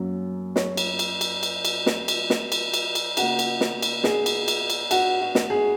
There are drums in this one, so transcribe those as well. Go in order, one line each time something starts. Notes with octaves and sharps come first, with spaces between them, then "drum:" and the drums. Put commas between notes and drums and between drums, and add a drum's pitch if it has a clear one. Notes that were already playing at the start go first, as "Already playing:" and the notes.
Already playing: F#2 F#3 A#3
C#5, drum: snare
drum: cymbal
drum: cymbal
drum: cymbal
drum: cymbal
drum: cymbal
drum: snare
drum: cymbal
drum: snare
drum: cymbal
drum: cymbal
drum: cymbal
C#3 A#3 F#4, drum: cymbal
drum: cymbal
drum: snare
drum: cymbal
G#4, drum: snare
drum: cymbal
drum: cymbal
drum: cymbal
F#4, drum: cymbal
F#4
drum: snare
G#4